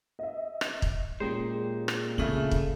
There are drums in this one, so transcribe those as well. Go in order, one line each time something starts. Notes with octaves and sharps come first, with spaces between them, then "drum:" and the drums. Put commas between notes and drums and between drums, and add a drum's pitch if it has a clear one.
D#5 E5
drum: rim click
drum: kick
A#2 G#3 C#4 D#4 G4 C5
drum: rim click
A1 C#3 A3 C4 F#7
drum: kick